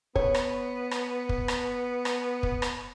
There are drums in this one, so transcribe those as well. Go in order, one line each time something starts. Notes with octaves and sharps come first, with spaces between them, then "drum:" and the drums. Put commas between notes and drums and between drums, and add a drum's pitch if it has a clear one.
B3 C#5, drum: kick
drum: rim click
drum: rim click
drum: kick
drum: rim click
drum: rim click
drum: kick
drum: rim click